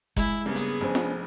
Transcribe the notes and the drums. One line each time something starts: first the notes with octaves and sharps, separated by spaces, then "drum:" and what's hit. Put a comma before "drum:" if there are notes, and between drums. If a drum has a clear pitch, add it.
G#3 E4, drum: kick F#1, hi-hat
G2 C#3 A#3 B3 G#4
drum: hi-hat
F1 F2 C#4 D4 C5
drum: snare F4